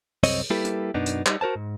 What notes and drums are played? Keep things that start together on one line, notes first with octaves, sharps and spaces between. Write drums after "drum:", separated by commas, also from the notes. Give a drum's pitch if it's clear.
C2 F#2 C4 C#5 D#5, drum: open hi-hat
G3 A#3 E4 G4 A4 B4
drum: hi-hat
F#2 B2 B3 D4 D#4
drum: hi-hat
G3 D#4, drum: clap
F#4 A#4 C5 A5
G#2